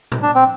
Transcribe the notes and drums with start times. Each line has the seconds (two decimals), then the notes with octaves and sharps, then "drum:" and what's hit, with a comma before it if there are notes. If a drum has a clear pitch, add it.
0.12 drum: tom A2
0.22 D4
0.35 C4